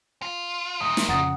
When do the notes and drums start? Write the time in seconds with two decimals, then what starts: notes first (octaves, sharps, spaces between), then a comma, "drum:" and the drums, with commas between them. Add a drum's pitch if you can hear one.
0.22 F4
0.81 D2 A#2 D#6
0.97 drum: snare
1.09 F2 C#3 F#5 A#5 D#6 A6